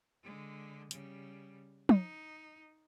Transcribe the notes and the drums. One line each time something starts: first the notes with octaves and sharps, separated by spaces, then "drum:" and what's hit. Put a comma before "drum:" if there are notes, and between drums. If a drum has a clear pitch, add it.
D3 G#3
C#3 G3, drum: hi-hat
D#4, drum: tom